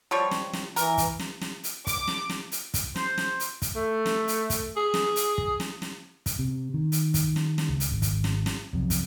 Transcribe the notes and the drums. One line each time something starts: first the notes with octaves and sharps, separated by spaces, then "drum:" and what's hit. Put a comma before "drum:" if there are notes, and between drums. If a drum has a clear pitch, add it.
F3 G3 C#5
drum: snare
drum: snare
E3 A#4, drum: hi-hat
drum: kick, hi-hat
drum: snare
drum: snare
drum: hi-hat
D6, drum: kick, hi-hat
drum: snare
drum: snare
drum: hi-hat
drum: kick, hi-hat
C5, drum: snare
drum: snare
drum: hi-hat
drum: kick, hi-hat
A3
drum: snare
drum: hi-hat
drum: kick, hi-hat
G#4
drum: snare
drum: hi-hat
drum: kick
drum: snare
drum: snare
drum: kick, hi-hat
C3
D#3
drum: hi-hat
drum: kick, hi-hat
drum: snare
drum: snare
C#2
drum: hi-hat
G#1
drum: kick, hi-hat
drum: snare
drum: snare
B1 F2 C3
drum: kick, hi-hat